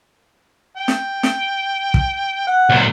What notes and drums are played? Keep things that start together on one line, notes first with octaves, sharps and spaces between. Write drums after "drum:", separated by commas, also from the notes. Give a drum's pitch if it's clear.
G5
drum: snare
drum: snare
drum: kick
F#5
C#2 A#2